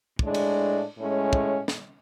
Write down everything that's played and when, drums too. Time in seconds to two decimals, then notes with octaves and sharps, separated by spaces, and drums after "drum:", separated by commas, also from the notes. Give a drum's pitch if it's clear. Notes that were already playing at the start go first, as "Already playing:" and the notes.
0.19 A2 G#3 D4, drum: kick
0.34 drum: cymbal
0.97 A2 G#3 C#4
1.33 drum: kick
1.68 drum: snare